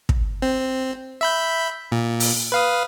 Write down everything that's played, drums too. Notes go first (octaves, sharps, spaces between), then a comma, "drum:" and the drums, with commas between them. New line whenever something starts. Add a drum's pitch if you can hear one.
drum: kick
C4
E5 B5 G6
A#2
drum: open hi-hat
B4 F5 D#6